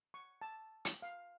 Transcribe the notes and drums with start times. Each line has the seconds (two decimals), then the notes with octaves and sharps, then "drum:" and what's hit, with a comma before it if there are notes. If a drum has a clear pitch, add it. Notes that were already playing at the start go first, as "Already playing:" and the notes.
0.14 C#6
0.42 A5
0.85 drum: hi-hat
1.02 F5